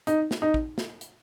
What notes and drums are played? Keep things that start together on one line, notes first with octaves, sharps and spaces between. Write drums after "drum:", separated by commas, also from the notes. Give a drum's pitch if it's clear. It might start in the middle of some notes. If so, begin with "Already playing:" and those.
D#4, drum: hi-hat
drum: snare
D#4
drum: kick
drum: snare
drum: hi-hat